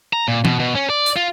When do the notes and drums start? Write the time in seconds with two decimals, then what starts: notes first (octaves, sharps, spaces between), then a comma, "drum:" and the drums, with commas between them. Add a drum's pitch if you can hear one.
0.13 A#5
0.28 A#2
0.45 B2, drum: tom E3
0.60 B2
0.75 C#4
0.90 D5
1.06 drum: hi-hat
1.16 F4